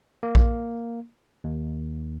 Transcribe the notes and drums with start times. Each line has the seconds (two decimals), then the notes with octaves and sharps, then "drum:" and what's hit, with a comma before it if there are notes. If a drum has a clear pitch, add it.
0.23 A#3
0.35 drum: kick A#1
1.44 D#2